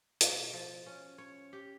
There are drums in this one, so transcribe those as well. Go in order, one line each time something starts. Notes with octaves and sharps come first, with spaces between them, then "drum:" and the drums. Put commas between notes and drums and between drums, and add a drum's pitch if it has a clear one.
B2, drum: hi-hat
F3
C#4
C#5
G4